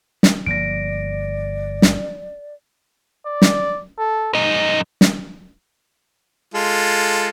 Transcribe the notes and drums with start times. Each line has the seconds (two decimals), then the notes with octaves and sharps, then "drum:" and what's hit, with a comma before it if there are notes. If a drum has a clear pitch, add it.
0.23 drum: snare
0.46 G1 F3 A#3 D5 A#6 D7
1.82 drum: snare
3.26 D5
3.42 drum: snare
3.99 A4
4.35 F#2 D#4 D#5
5.01 drum: snare
6.54 G#3 F4 A4